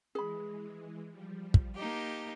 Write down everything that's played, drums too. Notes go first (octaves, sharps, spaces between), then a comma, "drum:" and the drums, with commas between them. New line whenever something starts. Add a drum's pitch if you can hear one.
E3 G#3 G#4 B5
F3 G3
drum: kick
A#3 D#4 G4 A5